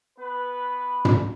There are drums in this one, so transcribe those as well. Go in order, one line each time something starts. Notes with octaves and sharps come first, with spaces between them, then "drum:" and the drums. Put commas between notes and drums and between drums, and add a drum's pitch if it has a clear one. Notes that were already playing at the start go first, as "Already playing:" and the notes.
B3 B4
drum: tom